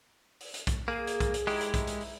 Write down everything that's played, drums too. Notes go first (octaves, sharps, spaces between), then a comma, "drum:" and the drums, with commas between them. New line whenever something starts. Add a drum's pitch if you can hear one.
drum: open hi-hat
drum: hi-hat
drum: kick, hi-hat
A#3 G#4
drum: hi-hat
drum: kick, hi-hat
drum: hi-hat
G#3 D#4 E4 G4, drum: open hi-hat
drum: hi-hat
drum: kick, hi-hat
drum: hi-hat
drum: open hi-hat